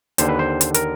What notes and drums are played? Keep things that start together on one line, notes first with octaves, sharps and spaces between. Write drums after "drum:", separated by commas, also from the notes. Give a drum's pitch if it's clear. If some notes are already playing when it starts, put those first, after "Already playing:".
D#2 D3 C5, drum: hi-hat
B4
C5
drum: hi-hat
A#4, drum: hi-hat